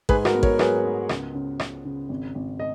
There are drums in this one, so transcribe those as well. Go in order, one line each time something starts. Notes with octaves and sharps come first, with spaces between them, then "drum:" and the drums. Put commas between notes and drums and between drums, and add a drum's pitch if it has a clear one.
G#2 G#4 B4, drum: kick A1
F#4 A#4, drum: rim click
B3
A#4 C#5, drum: kick A1
F#3 G#4 B4, drum: rim click
B3
C#2, drum: rim click
C#3
C#2, drum: rim click
C#3
G#1
G#1
D#5